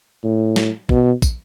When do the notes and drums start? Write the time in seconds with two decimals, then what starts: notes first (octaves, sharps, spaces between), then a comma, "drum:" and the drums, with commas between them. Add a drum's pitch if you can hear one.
0.24 A2
0.56 drum: snare
0.89 B2, drum: kick
1.22 drum: kick, tambourine